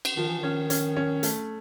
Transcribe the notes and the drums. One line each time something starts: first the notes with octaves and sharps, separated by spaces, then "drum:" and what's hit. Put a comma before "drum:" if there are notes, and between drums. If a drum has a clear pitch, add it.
drum: cymbal
D#3 F3
E3
D#3 C#4
C#4, drum: hi-hat
C#4
A3, drum: hi-hat